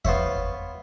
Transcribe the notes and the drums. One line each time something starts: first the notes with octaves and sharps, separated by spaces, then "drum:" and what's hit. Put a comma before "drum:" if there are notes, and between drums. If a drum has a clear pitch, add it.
B3 F4 C5 C#5 E5, drum: kick E2